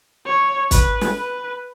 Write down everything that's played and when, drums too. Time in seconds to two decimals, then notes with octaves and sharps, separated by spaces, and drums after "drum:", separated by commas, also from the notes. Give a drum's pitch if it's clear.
0.26 C#5
0.71 B4, drum: kick, hi-hat
1.01 drum: snare
1.16 B4